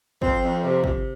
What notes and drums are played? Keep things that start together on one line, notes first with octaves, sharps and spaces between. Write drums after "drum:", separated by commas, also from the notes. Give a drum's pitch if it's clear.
F2 C4, drum: kick
F2
C3
C3, drum: kick